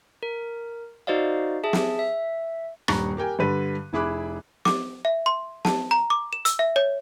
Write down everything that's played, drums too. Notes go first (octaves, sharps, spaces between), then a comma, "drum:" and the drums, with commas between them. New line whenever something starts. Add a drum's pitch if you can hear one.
A#4
D#4 F#4 C5 D5 D#5 F5
G#4 E5 A5
drum: snare
E5
D#1 G2 A#5 C#6 F#6, drum: rim click
G4 A#4 G5 G#5
G2 D3 B4 D#7
F1 E4 G#4 B5 D6 F#6
D6, drum: snare
E5
C6
A5, drum: snare
A#5
D6
E7
E6, drum: hi-hat
E5
C#5